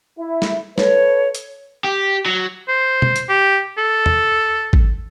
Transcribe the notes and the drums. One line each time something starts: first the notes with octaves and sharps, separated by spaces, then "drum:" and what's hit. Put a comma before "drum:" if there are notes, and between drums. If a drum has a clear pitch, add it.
E4
drum: snare
A4 B4 C#5, drum: snare
drum: hi-hat
G4
F#3
C5
drum: tom B2
drum: hi-hat
G4
A4
drum: tom E2
drum: kick G#1